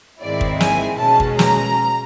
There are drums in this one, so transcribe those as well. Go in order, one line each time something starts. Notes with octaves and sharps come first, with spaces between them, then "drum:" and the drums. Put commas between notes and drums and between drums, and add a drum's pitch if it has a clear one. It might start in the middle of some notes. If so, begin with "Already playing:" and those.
G#2 D#3 G#3 C4 E4 D5
drum: kick
G#5, drum: snare
B2 G#3 C#4 A5
drum: kick
A#5, drum: snare